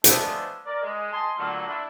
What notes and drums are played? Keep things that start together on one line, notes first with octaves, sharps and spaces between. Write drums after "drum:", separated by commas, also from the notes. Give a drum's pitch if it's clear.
F3 G#3 A3 B3 D4 E4, drum: hi-hat
A#4 D5
G#3
D#5 G#5 A5 C6
D3 F#3 A3 A#3 F4 F#4
D4 E4